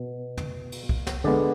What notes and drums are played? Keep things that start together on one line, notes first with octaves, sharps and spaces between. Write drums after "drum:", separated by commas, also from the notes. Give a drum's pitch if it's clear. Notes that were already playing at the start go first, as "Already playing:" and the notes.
Already playing: B2
drum: tom
drum: cymbal
drum: kick
drum: snare
D3 G#3 B3 D5